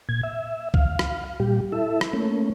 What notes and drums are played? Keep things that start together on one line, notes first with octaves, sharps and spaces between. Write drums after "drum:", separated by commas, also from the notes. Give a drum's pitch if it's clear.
A#2 G#6
E5
F5, drum: kick C2
drum: rim click
A#2 G3 G4
E4 A4 E5
drum: rim click
A3 A#3 C#4